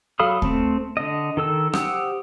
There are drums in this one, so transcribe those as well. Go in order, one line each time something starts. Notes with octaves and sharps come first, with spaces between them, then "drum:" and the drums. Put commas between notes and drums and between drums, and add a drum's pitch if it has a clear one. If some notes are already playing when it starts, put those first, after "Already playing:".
F#3 A4 F5 B5 D#6
A3 C4, drum: kick D2
D3 D#5
D#3 A4 E6
G4 C5 F#5 D#6 E6, drum: rim click